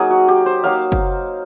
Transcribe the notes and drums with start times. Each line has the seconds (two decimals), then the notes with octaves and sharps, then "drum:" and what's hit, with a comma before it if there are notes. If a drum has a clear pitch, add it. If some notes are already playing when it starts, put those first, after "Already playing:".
Already playing: F#3 A#3 D#4 G#4
0.10 F#4
0.28 G4
0.46 C5
0.63 F#3 A#3 D#4 F5
0.92 drum: kick F#1